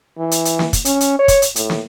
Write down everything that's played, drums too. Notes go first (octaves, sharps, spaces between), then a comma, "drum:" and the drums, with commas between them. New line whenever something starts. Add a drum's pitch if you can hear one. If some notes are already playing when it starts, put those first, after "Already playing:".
E3
drum: hi-hat
drum: hi-hat
drum: snare
drum: kick, hi-hat
C#4, drum: hi-hat
drum: hi-hat
C#5
drum: kick, hi-hat
drum: hi-hat
A2, drum: hi-hat
drum: snare